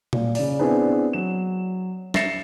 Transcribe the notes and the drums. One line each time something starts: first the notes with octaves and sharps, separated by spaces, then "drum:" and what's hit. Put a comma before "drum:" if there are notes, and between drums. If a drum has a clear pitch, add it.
A#2, drum: tom A#2
C#3 D5, drum: open hi-hat
B3 C4 D4 E4 G#4 B4
F#3 E7
E5 A6 A#6 C7 C#7 E7, drum: snare